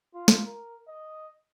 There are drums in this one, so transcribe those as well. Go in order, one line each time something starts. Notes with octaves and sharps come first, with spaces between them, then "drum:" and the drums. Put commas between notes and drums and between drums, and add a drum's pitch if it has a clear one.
F4
drum: snare
A#4
D#5